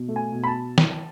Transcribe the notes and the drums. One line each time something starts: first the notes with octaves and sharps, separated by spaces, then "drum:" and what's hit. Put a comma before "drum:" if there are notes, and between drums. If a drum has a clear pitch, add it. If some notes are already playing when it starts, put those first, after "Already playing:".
Already playing: B2
A3
G#5
B2
B5
A5
drum: snare